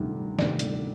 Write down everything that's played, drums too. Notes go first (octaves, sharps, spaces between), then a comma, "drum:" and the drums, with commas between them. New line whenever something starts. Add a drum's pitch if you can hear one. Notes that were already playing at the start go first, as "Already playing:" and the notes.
Already playing: D2 C3 D#3 G3
D2 C3 D#3 G3 D5, drum: snare
drum: hi-hat